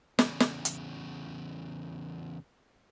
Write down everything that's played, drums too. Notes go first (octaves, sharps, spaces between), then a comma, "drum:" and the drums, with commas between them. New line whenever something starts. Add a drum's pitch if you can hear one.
E2 C#3, drum: snare
drum: snare
drum: hi-hat